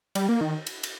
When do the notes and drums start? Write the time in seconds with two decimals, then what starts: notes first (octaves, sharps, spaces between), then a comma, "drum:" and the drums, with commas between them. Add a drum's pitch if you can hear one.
0.15 G3, drum: cymbal
0.29 A#3
0.41 D#3
0.67 drum: cymbal
0.83 drum: cymbal